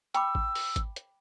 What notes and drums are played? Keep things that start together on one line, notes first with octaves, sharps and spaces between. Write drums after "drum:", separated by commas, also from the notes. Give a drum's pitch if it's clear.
G5 B5 D6 E6, drum: hi-hat
drum: kick
drum: open hi-hat
drum: kick, hi-hat
drum: hi-hat